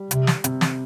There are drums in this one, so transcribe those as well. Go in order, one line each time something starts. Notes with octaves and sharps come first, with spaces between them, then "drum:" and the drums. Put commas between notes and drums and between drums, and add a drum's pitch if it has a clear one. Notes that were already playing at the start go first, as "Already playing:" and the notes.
Already playing: G3
C3, drum: hi-hat
drum: snare
C3, drum: hi-hat
drum: snare